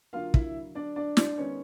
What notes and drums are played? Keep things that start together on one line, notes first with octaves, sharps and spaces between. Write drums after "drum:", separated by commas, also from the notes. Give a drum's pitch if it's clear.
D3 F#3 A#3 F4 F5
E4 E5, drum: kick
D4 D5
D4 D5
D4 D5, drum: snare
D#3 G#3 B3 C#4 C#5